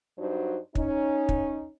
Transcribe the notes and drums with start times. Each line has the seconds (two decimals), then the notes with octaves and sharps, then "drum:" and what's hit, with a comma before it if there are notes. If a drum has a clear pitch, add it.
0.18 G2 F#3 D4 D#4 F#4 C5
0.75 C#4 D#4, drum: kick
1.29 drum: kick